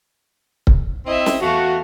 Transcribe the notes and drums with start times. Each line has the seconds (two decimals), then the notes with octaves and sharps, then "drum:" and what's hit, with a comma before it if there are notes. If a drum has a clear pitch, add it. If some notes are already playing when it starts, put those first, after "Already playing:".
0.67 drum: kick C#1
1.06 C4 E4 D#5 E5
1.26 drum: snare
1.41 E2 A3 F#4 F5